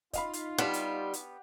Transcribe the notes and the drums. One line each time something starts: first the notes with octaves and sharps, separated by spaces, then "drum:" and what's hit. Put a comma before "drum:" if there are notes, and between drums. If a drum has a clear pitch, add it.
D#4 F4 D#5 F5 B5, drum: kick, hi-hat
drum: hi-hat
G3 B3 D4 G4 F5 F#5
drum: hi-hat
drum: hi-hat